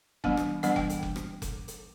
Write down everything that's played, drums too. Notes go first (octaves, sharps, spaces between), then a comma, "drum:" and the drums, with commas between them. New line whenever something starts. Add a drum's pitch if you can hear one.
E3 G3 B3 D4, drum: kick F1
drum: rim click
E3 G3 B3 D4 F#5, drum: hi-hat
G5, drum: kick F1
drum: hi-hat
drum: kick F1
drum: rim click
drum: kick F1, hi-hat
drum: hi-hat